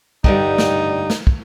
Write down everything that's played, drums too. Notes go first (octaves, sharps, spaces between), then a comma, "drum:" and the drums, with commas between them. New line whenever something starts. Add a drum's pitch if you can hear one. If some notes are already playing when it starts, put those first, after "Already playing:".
G2 D3 G3 D#4, drum: kick
drum: snare
drum: snare
drum: kick